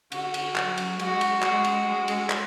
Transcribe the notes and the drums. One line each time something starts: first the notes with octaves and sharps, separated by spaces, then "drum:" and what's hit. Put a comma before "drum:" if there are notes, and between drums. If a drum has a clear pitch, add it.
D3 F#4, drum: cymbal
drum: cymbal
F#3, drum: clap
drum: cymbal
G#3 F#4, drum: cymbal
drum: cymbal
G#3 F#4, drum: clap
drum: cymbal
G#3
drum: cymbal
drum: clap